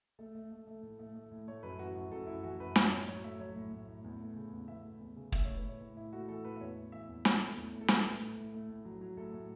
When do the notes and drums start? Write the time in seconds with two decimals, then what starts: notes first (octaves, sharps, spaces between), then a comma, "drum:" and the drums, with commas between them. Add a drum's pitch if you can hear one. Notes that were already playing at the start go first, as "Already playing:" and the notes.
0.19 A3 A4
0.35 A3
0.52 A3
0.67 A3
0.83 A2
0.99 A3
1.15 A3
1.32 A2
1.47 A3 C#5
1.63 F#2 B4
1.79 E3 F#4
1.95 F#2 F#4
2.11 F#2 A4
2.27 F#2 E4
2.43 E3 F#4
2.60 F#2 B4
2.76 F#3 C#5, drum: snare
2.91 A2 C#5
3.08 F#3 C#5
3.24 A3 E5
3.40 F#3 C#5
3.56 A2
3.72 A2
3.88 A2
4.04 E2
4.20 A3
4.36 C#3
4.52 E2
4.68 E2 E5
4.84 A3
5.00 E2
5.16 C#3
5.32 A3 E5, drum: kick
5.45 A2 C#5
5.57 B4
5.65 A2 C#5
5.80 A2
5.97 A2 E4
6.13 A3 F#4
6.29 E3 A4
6.44 A2 B4
6.56 E5
6.61 E2 C#5
6.77 E2
6.92 E3 E5
7.09 E2
7.25 A3 C#5, drum: snare
7.41 E3
7.56 E2
7.72 A3
7.81 A4
7.88 A2 B4, drum: snare
8.05 A2
8.21 A3
8.37 A2
8.53 A3
8.69 A2
8.85 F#3
9.01 F#3
9.17 A2 A4
9.34 A2